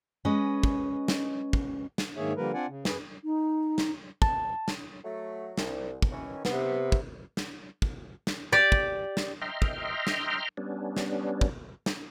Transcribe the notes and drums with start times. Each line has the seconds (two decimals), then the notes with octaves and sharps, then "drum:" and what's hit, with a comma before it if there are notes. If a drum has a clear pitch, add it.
0.25 G#3 C#4 B4 D#5
0.63 drum: kick
1.08 drum: snare
1.53 drum: kick
1.98 drum: snare
2.17 G#2 D#3 A#3 G#4 C#5 E5
2.37 D3 F3 G3 A#3 A#4 B4
2.54 C4 D4 F4 D5 F#5 G#5
2.68 C#3
2.85 F#2 G#4 B4, drum: snare
3.24 D#4
3.78 drum: snare
4.22 A5, drum: kick
4.68 drum: snare
5.05 F#3 A3
5.58 C2, drum: snare
6.02 drum: kick
6.12 D#3 E3 C#4
6.45 C3 B3, drum: snare
6.92 drum: kick
7.37 drum: snare
7.82 drum: kick
8.27 drum: snare
8.52 G4 D5
8.72 drum: kick
9.17 drum: snare
9.42 D#5 E5 G5 A#5 C6 F6
9.62 drum: kick
10.07 drum: snare
10.57 G3 B3 C#4 D4
10.96 drum: snare
11.41 drum: kick
11.86 drum: snare